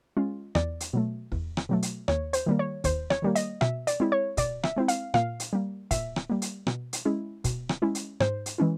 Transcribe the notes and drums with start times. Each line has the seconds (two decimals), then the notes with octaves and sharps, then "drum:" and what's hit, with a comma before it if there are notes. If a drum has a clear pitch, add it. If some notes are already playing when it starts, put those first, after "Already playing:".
0.17 G#3 C#4 F4
0.55 E2 D5, drum: rim click
0.80 drum: hi-hat
0.93 B2 F#3 A3
1.32 E2, drum: kick
1.57 drum: rim click
1.69 B2 F#3 A3
1.82 drum: hi-hat
2.08 D#2 C#5, drum: rim click
2.33 C5, drum: hi-hat
2.46 D#3 G3 A#3
2.59 C#5
2.84 D#2 C5, drum: kick, hi-hat
3.10 C#5, drum: rim click
3.22 D#3 G3 A#3
3.35 D#5, drum: hi-hat
3.61 B2 E5, drum: rim click
3.87 D5, drum: hi-hat
4.00 G#3 C4 E4
4.12 C#5
4.37 B2 D5, drum: kick, hi-hat
4.64 E5, drum: rim click
4.76 G#3 C4 E4
4.88 F5, drum: hi-hat
5.14 A#2 F5, drum: rim click
5.40 drum: hi-hat
5.53 G3 A#3
5.91 A#2 E5, drum: kick, hi-hat
6.16 drum: rim click
6.30 G3 A#3
6.42 drum: hi-hat
6.67 B2, drum: rim click
6.93 drum: hi-hat
7.05 G#3 C#4 E4
7.44 B2, drum: kick, hi-hat
7.69 drum: rim click
7.82 G#3 C#4 E4
7.95 drum: hi-hat
8.20 G#2 C5, drum: rim click
8.46 drum: hi-hat
8.58 E3 G#3 C#4 E4